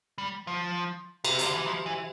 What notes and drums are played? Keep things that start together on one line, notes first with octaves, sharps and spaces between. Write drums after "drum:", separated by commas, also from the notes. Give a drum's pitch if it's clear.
G3
F3
C3, drum: cymbal
D3, drum: hi-hat
E3
F3
E3